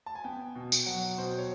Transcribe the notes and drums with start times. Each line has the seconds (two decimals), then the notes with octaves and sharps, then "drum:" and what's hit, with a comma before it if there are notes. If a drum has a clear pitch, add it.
0.06 A5
0.15 G#5
0.24 B3 G5
0.56 B2
0.72 drum: tambourine
0.86 F#3 F#5
1.18 B2 C5
1.38 C#5